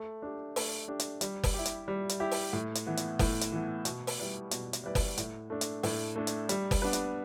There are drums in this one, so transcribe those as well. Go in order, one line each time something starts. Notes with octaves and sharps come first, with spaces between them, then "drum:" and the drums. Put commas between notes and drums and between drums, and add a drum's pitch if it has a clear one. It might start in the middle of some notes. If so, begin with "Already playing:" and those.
Already playing: A3
D4 G4
A3, drum: open hi-hat
D4 G4
drum: hi-hat
G3, drum: hi-hat
drum: kick F#1, open hi-hat
E4 G4
drum: hi-hat
G3
drum: hi-hat
E4 G4
drum: open hi-hat
A2
drum: hi-hat
E3 B3
drum: hi-hat
A2, drum: kick F#1, open hi-hat
drum: hi-hat
E3 B3
B2, drum: hi-hat
drum: open hi-hat
G3 E4 B4 D5
B2, drum: hi-hat
drum: hi-hat
G3 E4 B4 D5
drum: kick F#1, open hi-hat
A2, drum: hi-hat
A3 D4
drum: hi-hat
A2, drum: open hi-hat
A3 D4
drum: hi-hat
G3, drum: hi-hat
drum: kick F#1, open hi-hat
B3 D4 B4
drum: hi-hat